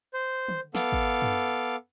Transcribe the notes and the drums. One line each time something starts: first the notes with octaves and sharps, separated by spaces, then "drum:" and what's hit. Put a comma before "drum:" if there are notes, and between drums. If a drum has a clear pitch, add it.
C5
drum: tom
B3 A4 F5 D6, drum: snare
drum: kick G#1
drum: tom